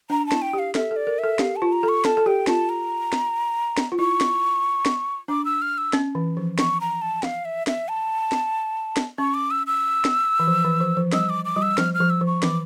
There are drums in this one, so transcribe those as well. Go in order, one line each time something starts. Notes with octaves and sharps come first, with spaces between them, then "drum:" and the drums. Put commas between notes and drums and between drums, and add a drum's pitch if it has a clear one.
D4 A#5
A5
E4, drum: snare
G5
G4
F5
A4 E5, drum: snare
A4
D5
A#4
E5
A4
G4 F5, drum: snare
A5
F4
A#5
A4
C#6
A4 A5, drum: snare
A4
G4 G5
F4 A5, drum: snare
A#5
drum: snare
drum: snare
F4
E4 C#6
drum: snare
drum: snare
D4 D6
E6
F6
E6
C#4, drum: snare
E3
F3
C#6, drum: snare
A#5
A5
F5, drum: snare
E5
E5, drum: snare
A5
drum: snare
drum: snare
C#4 C#6
D6
E6
E6
drum: snare
E3
F3
E3
F3
F3
G3 E6, drum: snare
D6
D6
G3
E6
F3 F6, drum: snare
F6
F3
E6
F3
C#6
E3 D6, drum: snare